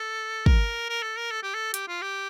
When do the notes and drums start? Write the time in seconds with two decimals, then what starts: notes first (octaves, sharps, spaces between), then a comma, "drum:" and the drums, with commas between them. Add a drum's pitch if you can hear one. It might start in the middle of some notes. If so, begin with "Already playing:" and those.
Already playing: A4
0.46 A#4, drum: kick
0.90 A#4
1.03 A4
1.18 A#4
1.31 A4
1.43 G4
1.54 A4
1.74 G4, drum: hi-hat
1.88 F4
2.02 G4